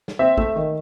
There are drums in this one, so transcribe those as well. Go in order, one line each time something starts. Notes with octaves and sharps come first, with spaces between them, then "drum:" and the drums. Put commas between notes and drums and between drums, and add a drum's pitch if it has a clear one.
drum: snare
C4 E5
A3, drum: kick
D#3